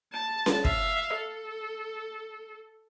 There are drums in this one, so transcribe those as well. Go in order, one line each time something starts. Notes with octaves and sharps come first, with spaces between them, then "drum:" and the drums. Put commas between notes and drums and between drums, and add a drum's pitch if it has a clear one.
A5
drum: snare C#4
E5 F5, drum: kick
A4